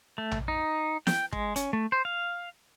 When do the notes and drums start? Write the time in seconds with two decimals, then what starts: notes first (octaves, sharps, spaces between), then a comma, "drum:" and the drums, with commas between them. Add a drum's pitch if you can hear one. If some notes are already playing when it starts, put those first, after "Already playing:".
0.18 A3
0.31 drum: tom A#1
0.48 D#4
1.07 G5, drum: snare
1.33 G#3, drum: kick
1.56 C#4, drum: hi-hat
1.73 A3
1.92 C5
2.05 F5